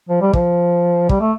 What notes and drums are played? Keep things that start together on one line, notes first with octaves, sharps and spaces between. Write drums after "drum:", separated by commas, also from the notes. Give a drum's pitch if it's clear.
F3
G3
F3, drum: kick
G3, drum: kick
A3